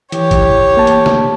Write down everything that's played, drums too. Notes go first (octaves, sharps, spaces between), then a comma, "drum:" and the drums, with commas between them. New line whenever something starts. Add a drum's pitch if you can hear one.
E3 G4 C#5, drum: hi-hat
drum: kick G#1, hi-hat
A#3 A5
drum: hi-hat
drum: snare